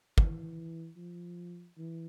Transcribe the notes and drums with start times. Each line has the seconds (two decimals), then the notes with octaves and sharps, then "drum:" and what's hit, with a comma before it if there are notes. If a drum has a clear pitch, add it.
0.18 E3, drum: kick
0.97 F3
1.78 E3